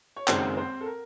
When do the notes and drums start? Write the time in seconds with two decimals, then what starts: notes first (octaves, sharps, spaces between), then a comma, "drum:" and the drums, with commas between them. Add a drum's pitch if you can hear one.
0.16 C#5
0.28 F#1 F#2 D#3 G#3 C4 C5, drum: clap
0.57 C4 C5
0.81 A4
0.86 A#4